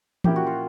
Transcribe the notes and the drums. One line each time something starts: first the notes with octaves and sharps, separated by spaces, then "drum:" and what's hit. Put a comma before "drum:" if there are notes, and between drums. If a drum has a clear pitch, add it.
A#2 F3 A#3 C#4 E4 G4, drum: tom E3
F#4
F4